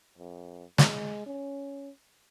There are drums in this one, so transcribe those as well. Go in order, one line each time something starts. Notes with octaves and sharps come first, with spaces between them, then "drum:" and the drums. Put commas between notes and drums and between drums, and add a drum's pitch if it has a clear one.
F2
G#3, drum: snare
C#4